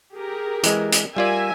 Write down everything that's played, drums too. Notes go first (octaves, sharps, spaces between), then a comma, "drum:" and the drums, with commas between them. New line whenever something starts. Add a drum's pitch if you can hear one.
G4 G#4 A#4
E3 G#3, drum: hi-hat
drum: hi-hat
G3 F4 A#4 D5 E5 G#5